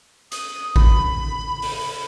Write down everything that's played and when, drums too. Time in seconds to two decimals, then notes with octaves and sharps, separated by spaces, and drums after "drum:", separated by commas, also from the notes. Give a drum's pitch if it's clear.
0.32 D#6, drum: hi-hat
0.76 B5, drum: kick A1
1.62 drum: open hi-hat